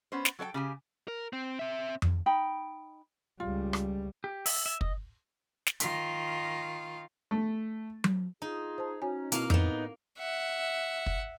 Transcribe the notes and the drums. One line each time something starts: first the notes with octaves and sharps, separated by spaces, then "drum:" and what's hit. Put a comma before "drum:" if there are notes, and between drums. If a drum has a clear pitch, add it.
B3 C#4 C5
drum: snare
F#3 A4 C#5 G5
C#3 G4 G#5
A#4
C4
C4 E5
drum: tom F2
D#4 G5 B5
C#2 G3 F4
drum: rim click
G4
E5, drum: open hi-hat
E5
D#5, drum: kick
drum: snare
D#3 F4, drum: hi-hat
A3
drum: tom F#3
D#4 F4 G#4
C5 A5
C#4 F#4 C#5 G#5
B2 A#3 C4 E4 F5, drum: hi-hat
A2 B3 D#4, drum: tom F2
E5 F#5
drum: kick